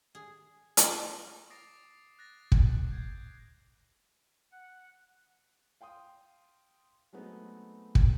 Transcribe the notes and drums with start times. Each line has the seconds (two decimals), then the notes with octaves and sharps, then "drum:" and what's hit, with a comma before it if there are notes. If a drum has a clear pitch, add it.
0.15 G#4
0.77 drum: hi-hat
1.50 D6 D#6 A6 A#6 C7 D7
2.19 F#6 A6 A#6
2.52 drum: kick
2.91 G6 G#6 C7 D7
4.52 F#5
5.81 F5 G5 C6 D#6
7.13 F#3 G#3 A3 B3 C4 D#4
7.95 drum: kick